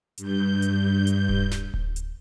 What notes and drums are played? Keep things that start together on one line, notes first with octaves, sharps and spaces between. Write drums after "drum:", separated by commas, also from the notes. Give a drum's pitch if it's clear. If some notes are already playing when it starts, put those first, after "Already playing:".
G2 G6, drum: hi-hat
drum: hi-hat
drum: hi-hat
drum: kick D1
drum: snare
drum: kick D1
drum: hi-hat